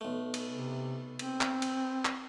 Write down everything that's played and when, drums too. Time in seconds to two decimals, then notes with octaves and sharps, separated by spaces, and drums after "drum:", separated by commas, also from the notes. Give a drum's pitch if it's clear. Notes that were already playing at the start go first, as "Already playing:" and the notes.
0.01 B1 A3
0.34 drum: cymbal
0.50 C3
1.19 C4, drum: cymbal
1.41 drum: clap
1.62 drum: cymbal
2.05 drum: clap